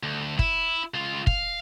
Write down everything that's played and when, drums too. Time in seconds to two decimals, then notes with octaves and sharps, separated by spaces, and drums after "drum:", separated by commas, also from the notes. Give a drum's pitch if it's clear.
0.03 D2
0.39 E4, drum: kick
0.94 C#2 F4
1.27 F5, drum: kick